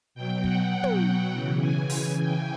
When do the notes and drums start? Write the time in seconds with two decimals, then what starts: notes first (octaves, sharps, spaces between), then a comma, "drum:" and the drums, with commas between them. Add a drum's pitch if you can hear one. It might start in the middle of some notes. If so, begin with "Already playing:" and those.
0.15 B2 F#3 G5
0.44 F#5, drum: kick
0.73 F#5
0.84 drum: tom
1.32 C#3 E3
1.60 G#5
1.90 G#5, drum: open hi-hat
2.19 G5